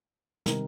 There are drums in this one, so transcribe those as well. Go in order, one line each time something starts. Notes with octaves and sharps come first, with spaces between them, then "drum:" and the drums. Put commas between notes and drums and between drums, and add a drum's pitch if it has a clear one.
C3 D#3 A#4, drum: snare